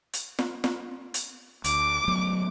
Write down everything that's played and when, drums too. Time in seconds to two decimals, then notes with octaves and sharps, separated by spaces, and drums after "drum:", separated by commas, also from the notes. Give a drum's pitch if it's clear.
0.13 drum: hi-hat
0.39 drum: snare
0.64 drum: snare
1.14 drum: hi-hat
1.64 D2 D6, drum: hi-hat
2.08 F#3 A3 B3